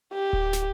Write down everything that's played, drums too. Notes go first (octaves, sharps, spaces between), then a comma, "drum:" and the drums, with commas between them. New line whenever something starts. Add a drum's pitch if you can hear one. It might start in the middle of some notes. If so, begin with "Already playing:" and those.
G4
drum: kick D1
drum: snare